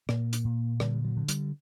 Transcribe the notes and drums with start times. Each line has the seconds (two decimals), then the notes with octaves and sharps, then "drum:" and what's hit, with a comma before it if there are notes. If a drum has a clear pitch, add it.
0.09 A#2 A#3, drum: rim click
0.33 drum: hi-hat
0.45 A#2
0.80 D3 G3, drum: rim click
1.04 F#3
1.17 D3
1.29 G3, drum: hi-hat